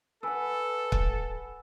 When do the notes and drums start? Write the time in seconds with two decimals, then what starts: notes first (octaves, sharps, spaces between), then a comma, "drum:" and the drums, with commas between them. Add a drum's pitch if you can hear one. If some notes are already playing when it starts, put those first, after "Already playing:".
0.23 A4 B4 F#5 G#5 E6
0.92 drum: kick